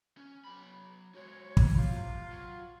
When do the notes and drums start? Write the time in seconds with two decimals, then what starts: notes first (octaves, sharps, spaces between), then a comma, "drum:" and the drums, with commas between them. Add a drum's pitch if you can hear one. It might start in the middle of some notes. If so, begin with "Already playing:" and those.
0.17 C#4
0.45 F#3 B5
1.15 G#3 F#4 C#5
1.57 drum: kick
1.76 C3 F4
2.31 F#3